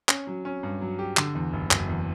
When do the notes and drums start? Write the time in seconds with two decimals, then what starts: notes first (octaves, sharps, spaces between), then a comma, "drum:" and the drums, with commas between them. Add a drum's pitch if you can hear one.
0.09 C#4, drum: clap
0.27 F#3
0.45 C#4
0.63 G2
0.81 F#3
0.99 G4
1.17 D3, drum: clap
1.35 E2
1.53 F#1
1.71 F#1, drum: clap
1.89 E2